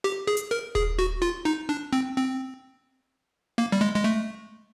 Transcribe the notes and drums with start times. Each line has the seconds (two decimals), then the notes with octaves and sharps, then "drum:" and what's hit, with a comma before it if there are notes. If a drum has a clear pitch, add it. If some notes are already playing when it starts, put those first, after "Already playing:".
0.04 G4
0.27 G#4
0.37 drum: hi-hat
0.51 A#4
0.75 G#4, drum: kick D#1
0.99 F#4
1.22 F4
1.45 D#4
1.69 D4
1.93 C4
2.17 C4
3.58 A#3
3.72 G3
3.81 G#3
3.95 G#3
4.04 A3